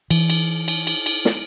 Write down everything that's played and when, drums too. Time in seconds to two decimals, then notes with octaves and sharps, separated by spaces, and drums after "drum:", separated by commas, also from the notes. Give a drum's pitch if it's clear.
0.10 E3, drum: cymbal
0.30 drum: cymbal
0.68 drum: cymbal
0.87 drum: cymbal
1.06 drum: cymbal
1.25 drum: snare